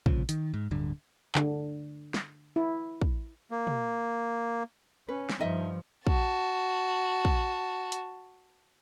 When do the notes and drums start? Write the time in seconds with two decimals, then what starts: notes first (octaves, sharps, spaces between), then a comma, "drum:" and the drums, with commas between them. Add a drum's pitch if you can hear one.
0.06 C2 A#2 C#3 F3, drum: kick
0.29 D#3, drum: hi-hat
0.54 G#2
0.71 D1 G2 D3
1.35 D3, drum: clap
2.14 drum: snare
2.56 E4
3.01 drum: kick
3.51 A#3
3.67 drum: tom
5.08 C#4 B4
5.29 drum: snare
5.39 G2 F3 D#4 D#5 E5
6.07 F#4 A5, drum: kick
7.25 drum: kick
7.92 drum: hi-hat